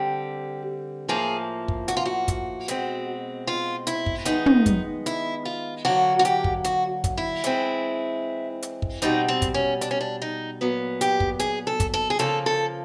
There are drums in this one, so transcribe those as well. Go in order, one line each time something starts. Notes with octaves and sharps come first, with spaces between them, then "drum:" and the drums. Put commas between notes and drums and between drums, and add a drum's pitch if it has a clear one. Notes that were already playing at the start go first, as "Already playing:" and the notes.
Already playing: D3 G3 C4 G4
A2 F3 A#3 G#4
drum: kick
F#4, drum: hi-hat
F4
F#4
drum: kick, hi-hat
B2 G#3 C4, drum: hi-hat
F4
E4, drum: hi-hat
drum: kick
D#3 G#3 B3 D#4, drum: hi-hat
drum: tom
drum: kick, hi-hat
E4, drum: hi-hat
F4
D3 F#3 A#3 F#4
F#4
G4, drum: hi-hat
drum: kick
F#4, drum: hi-hat
drum: kick, hi-hat
E4
E3 G#3 C4, drum: hi-hat
drum: hi-hat
drum: kick
B2 G3 C4 D#4, drum: hi-hat
C4
drum: kick, hi-hat
C#4
D4, drum: hi-hat
C#4
D4
D#4
A#2 F#3 B3
G4, drum: hi-hat
drum: kick
G#4, drum: hi-hat
A4
drum: kick, hi-hat
A4
G#4
C#3 F3 A#3 A4, drum: hi-hat
A4